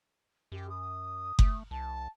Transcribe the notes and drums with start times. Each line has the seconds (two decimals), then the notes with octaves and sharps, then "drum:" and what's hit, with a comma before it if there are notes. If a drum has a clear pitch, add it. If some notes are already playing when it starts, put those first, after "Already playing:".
0.52 F#2 G4
0.69 D#6
1.39 A3, drum: kick F#1
1.71 C2 A5